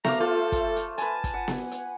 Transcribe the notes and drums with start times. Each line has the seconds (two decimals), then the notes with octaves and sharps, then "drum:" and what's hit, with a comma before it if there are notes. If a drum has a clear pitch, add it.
0.04 A3 F5 A#5 D6, drum: snare B3
0.20 A3 F4 A4 C5
0.52 drum: kick, hi-hat
0.76 drum: hi-hat
0.98 B4 G#5 A5, drum: hi-hat
1.24 drum: kick, hi-hat
1.34 F#5
1.48 drum: snare B3
1.71 drum: hi-hat